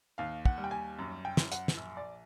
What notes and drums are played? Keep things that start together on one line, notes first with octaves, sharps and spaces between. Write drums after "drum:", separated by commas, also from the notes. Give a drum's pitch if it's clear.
D#2 F5
F#5, drum: kick
G3
G5
G#5
F#2
G5
F#2, drum: snare
F#5, drum: hi-hat
drum: snare
A#1
D5